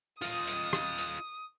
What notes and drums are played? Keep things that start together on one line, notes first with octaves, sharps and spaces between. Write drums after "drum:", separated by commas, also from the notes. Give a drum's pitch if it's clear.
F4 D#5 D#6, drum: hi-hat
drum: hi-hat
drum: rim click
drum: hi-hat